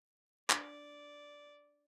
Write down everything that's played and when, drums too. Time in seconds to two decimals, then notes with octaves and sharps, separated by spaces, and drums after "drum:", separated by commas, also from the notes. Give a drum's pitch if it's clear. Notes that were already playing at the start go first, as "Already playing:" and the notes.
0.50 D4 D5, drum: clap